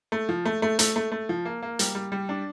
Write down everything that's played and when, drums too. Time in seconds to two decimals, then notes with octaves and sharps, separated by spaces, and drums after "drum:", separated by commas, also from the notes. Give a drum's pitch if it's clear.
0.12 A3
0.29 F3
0.45 A3
0.62 A3
0.79 A3, drum: hi-hat
0.96 A3
1.12 A3
1.29 F3
1.45 A#3
1.63 A#3
1.79 G3, drum: hi-hat
1.95 G3
2.12 G3
2.29 D4